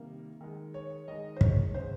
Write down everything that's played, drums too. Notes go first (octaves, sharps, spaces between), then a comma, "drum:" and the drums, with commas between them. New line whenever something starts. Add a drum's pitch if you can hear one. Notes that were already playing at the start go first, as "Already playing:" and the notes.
Already playing: C3 D#3 G3 A#3
D#3 G#3
C#5
D#3 G#3 D#5
C5
C#5, drum: kick
C#3 G#3 C5